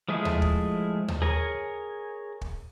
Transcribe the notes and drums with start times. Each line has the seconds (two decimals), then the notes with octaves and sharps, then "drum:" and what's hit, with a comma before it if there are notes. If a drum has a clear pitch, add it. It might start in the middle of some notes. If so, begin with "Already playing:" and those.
0.09 F3 G#3 A3 E4 G#4
0.25 drum: tom D#2
0.42 drum: kick
1.08 drum: tom D#2
1.22 G#4 A#4 C#5 G#5
2.41 drum: kick